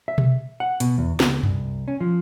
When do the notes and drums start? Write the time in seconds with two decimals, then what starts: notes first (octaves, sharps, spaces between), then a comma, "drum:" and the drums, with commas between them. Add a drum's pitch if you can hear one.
0.08 E5
0.18 drum: tom B2
0.60 F#5
0.80 B2, drum: hi-hat
0.98 E2
1.20 C#2, drum: snare
1.43 C2, drum: tom F#2
1.88 C#4
2.00 F3